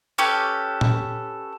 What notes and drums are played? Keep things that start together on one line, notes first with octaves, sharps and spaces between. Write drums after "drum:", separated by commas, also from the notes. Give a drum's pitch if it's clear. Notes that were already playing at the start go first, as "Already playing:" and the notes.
C#4 G4 A4 B4
drum: tom A#2